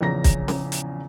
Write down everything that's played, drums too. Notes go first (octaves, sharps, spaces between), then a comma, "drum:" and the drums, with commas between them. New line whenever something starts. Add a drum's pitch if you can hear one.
A#1 E2 C#3 C#4 A#5 A#6
drum: kick, hi-hat
drum: snare C#4
drum: hi-hat